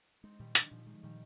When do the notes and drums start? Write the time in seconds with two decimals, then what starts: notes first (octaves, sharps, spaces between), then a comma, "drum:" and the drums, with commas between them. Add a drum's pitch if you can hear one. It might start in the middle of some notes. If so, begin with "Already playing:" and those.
0.23 G#3 C4 D#4
0.39 A#2 D#3 G3
0.55 D#3 D4, drum: hi-hat
0.71 A#2 F3
0.86 D#3 G#3
1.03 A#2 D#3 G3